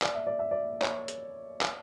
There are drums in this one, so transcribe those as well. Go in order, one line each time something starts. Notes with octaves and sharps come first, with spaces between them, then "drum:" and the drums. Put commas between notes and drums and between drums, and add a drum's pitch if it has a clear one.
D5, drum: clap
E5
D5
E5
D5
C#5, drum: clap
drum: hi-hat
drum: clap